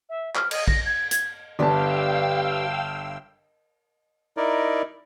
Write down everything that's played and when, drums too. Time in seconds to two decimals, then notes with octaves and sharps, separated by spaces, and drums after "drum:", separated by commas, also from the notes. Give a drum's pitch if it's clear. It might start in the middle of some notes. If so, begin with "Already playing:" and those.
0.10 E5
0.35 F6, drum: clap
0.51 D#5, drum: cymbal
0.68 A#6, drum: kick
0.86 G#6
1.11 G#6, drum: hi-hat
1.59 G1 B3 G4 D5 F5 G5 A5 E6
4.37 D#4 E4 A#4 D5